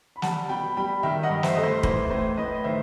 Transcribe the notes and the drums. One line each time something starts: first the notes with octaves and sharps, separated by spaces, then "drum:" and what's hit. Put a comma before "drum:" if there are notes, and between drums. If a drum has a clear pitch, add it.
B5
G3 F#5 A5, drum: snare
B2 G5 B5
G3 G5 B5
D#3 E5 G5
D#5 F#5
G2
C5 E5, drum: snare
A3 D#5
C5
E3 C5, drum: kick
A2 C5
A2 B4 D#5
D#5
D#3 C5 E5